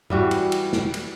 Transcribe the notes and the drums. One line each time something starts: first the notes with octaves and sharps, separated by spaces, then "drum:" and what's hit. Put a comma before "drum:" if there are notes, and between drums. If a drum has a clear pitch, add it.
E3 G3 F#4, drum: tom G2
drum: cymbal
drum: cymbal
drum: snare
drum: cymbal